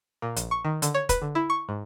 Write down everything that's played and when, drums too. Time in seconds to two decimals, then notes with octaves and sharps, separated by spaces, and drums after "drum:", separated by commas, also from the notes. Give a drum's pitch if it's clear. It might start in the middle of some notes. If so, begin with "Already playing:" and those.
0.22 A#2
0.36 A#1, drum: hi-hat
0.51 C#6
0.65 D#3
0.82 D3, drum: hi-hat
0.95 C#5
1.09 B4, drum: kick, hi-hat
1.22 D3
1.35 E4
1.50 C#6
1.69 G#2